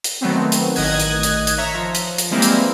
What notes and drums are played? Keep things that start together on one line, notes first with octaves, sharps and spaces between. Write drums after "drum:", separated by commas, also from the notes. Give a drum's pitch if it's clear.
drum: hi-hat
D#3 F#3 A3 B3 C4
drum: hi-hat
A1 D#3 D#5 D#6 F#6 G#6, drum: open hi-hat
drum: hi-hat
drum: hi-hat
drum: hi-hat
C#5 E5 A#5 B6
F3
drum: hi-hat
drum: hi-hat
E3 G3 G#3 A#3 C4 E4
drum: hi-hat